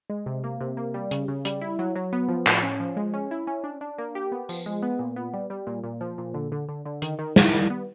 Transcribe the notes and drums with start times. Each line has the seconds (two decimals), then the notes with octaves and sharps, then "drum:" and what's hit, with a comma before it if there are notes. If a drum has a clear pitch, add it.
0.10 G#3
0.26 C3
0.44 A#3
0.61 C3
0.77 A#3
0.94 G3
1.11 C#3, drum: hi-hat
1.28 C#3
1.45 G3, drum: hi-hat
1.61 E4
1.79 F#3
1.96 F#3
2.13 B3
2.28 F3
2.47 A2, drum: clap
2.63 C#4
2.80 F3
2.97 G#3
3.14 C#4
3.31 E4
3.47 C#4
3.64 D4
3.81 D4
3.98 A#3
4.15 G4
4.32 B3
4.49 F3, drum: tambourine
4.66 G#3
4.82 B3
4.99 A#2
5.16 B3
5.34 G3
5.50 G3
5.67 A#2
5.83 A#2
6.01 F3
6.18 A#2
6.34 D3
6.52 D3
6.69 D3
6.86 D3
7.02 D#3, drum: hi-hat
7.19 D#3
7.36 D#3, drum: snare
7.53 G3
7.70 B3